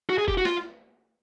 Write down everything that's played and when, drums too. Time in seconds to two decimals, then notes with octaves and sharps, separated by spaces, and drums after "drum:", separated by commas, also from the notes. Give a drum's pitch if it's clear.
0.10 F#4
0.18 G#4
0.28 G4, drum: kick F1
0.37 F#4
0.45 F4, drum: snare